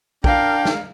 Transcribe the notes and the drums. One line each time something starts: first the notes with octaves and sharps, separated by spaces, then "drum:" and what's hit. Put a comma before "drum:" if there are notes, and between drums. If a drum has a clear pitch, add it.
D4 A#4 F5 G5, drum: kick
drum: snare